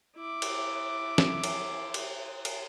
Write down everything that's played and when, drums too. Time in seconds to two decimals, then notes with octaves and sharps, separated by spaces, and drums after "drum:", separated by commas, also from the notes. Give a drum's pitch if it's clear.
0.17 E4 D6
0.42 drum: cymbal
1.18 drum: snare
1.44 drum: cymbal
1.94 drum: cymbal
2.45 drum: cymbal